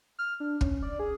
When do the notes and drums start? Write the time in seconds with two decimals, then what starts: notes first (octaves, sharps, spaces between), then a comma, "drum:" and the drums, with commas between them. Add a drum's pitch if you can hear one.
0.19 F6
0.40 D4
0.61 C#4, drum: kick
0.82 D5
0.99 G#4